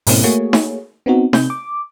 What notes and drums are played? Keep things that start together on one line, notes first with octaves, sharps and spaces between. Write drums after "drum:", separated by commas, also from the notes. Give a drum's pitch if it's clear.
G#2 B2 A#3 C4 C#4 E4, drum: open hi-hat
A3 A#3 F#4 G#4 C#5
drum: snare D#4
B3 C4 D#4 F#4
C3 G6, drum: snare D#4
D6